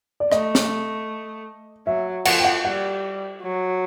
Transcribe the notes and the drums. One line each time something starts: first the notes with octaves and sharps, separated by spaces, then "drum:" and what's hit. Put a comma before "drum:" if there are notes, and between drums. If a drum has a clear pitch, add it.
D5
A3 D#5, drum: rim click
drum: snare
F#3 E5
F3 F#5, drum: cymbal
G5
F#5
G3 F#5
F#3